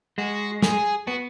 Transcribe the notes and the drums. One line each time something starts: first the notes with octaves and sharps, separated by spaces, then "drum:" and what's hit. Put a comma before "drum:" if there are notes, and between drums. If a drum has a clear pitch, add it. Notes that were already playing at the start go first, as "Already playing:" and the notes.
G#3 F#4
G#4, drum: snare
B3 F#4